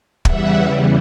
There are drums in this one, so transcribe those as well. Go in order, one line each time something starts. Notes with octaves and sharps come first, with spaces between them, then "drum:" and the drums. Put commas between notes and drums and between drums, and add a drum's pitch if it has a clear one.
E2 C#3 E3 G3 E5 F#5, drum: kick